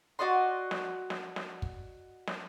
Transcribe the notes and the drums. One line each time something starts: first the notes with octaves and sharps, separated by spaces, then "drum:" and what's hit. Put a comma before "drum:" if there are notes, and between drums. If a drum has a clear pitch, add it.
F#4 D5 D#5 C6
drum: snare
drum: snare
drum: snare
drum: kick
drum: snare